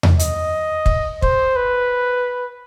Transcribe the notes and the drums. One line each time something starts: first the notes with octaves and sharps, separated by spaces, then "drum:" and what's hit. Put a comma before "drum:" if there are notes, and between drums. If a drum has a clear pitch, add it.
drum: tom E2
D#5, drum: hi-hat
drum: kick
C5, drum: kick
B4